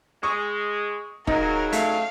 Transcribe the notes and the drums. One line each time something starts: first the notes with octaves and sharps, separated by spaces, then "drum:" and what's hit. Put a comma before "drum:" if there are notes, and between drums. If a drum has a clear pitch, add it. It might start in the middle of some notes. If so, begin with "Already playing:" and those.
G#3 C#6 D#6
C#3 F#3 D#4 A#4, drum: kick E1
A3 F5, drum: hi-hat